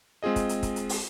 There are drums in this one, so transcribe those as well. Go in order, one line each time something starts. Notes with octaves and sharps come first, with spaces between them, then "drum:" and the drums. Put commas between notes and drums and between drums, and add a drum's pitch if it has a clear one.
G#3 C4 F4 G#4 D#5
drum: kick, hi-hat
drum: hi-hat
drum: kick, hi-hat
drum: hi-hat
drum: open hi-hat